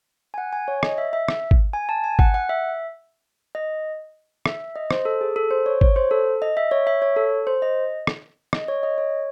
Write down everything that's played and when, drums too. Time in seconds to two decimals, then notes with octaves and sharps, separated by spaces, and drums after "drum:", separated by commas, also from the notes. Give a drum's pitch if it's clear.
0.34 G#5
0.38 F#5
0.53 G#5
0.68 C#5
0.83 D#5, drum: rim click
0.98 E5
1.13 E5
1.28 drum: rim click
1.51 drum: kick G#1
1.73 G#5
1.89 A5
2.04 G#5
2.19 F#5, drum: kick G#1
2.34 F#5
2.49 E5
3.55 D#5
4.46 E5, drum: rim click
4.76 D#5
4.91 C5, drum: rim click
5.05 A4
5.21 G#4
5.36 A4
5.51 C5
5.66 C#5
5.81 C#5, drum: kick G#1
5.96 C5
6.11 A4
6.42 D#5
6.57 E5
6.71 C#5
6.87 E5
7.02 C#5
7.16 A4
7.47 C5
7.62 D#5
8.07 drum: rim click
8.53 D#5, drum: rim click
8.68 C#5
8.83 D#5
8.98 C#5